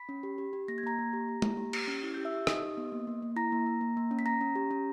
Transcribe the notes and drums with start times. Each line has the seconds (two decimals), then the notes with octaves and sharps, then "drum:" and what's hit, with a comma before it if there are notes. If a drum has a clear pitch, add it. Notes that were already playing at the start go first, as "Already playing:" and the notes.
Already playing: B5 B6
0.09 C#4
0.23 G4
0.38 G4
0.53 G4
0.68 A#3 A#6
0.78 G#6
0.83 A#3 A#5 A#6
0.99 A#3
1.13 G4
1.28 G4
1.42 A#3, drum: tom
1.57 G4
1.73 G4, drum: cymbal
1.87 C#4
2.03 E4
2.14 G4 G6
2.25 E5 E6
2.32 G4
2.47 D#4 D#5 D#6, drum: rim click
2.62 G4
2.77 B3
2.92 A#3
3.07 A#3
3.22 A#3
3.36 E4 A#5 A#6
3.52 A#3
3.66 A#3
3.81 A#3
3.97 A#3
4.11 C#4
4.19 B6
4.26 C#4 A#5 A#6
4.41 C#4
4.55 G4
4.71 C#4